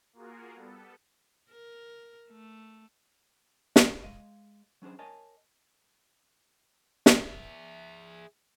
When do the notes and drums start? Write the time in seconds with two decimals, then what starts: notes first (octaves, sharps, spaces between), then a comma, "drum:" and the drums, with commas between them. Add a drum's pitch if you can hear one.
0.13 A#3 F4 F#4 G#4 A#4
0.53 G3 B3 A4
1.51 A#4
2.29 A3
3.76 drum: snare
4.03 G#3 D#5 F5
4.82 F#3 C#4 D4 G#4 C5
4.99 A#4 C#5 D#5 G#5 A5
7.06 drum: snare
7.18 G#4 E5